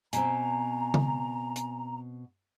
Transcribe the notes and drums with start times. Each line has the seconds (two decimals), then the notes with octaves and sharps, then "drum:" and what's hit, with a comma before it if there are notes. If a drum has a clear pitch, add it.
0.13 B2 C4 G#5 A#5, drum: hi-hat
0.94 drum: tom C#3
1.56 drum: hi-hat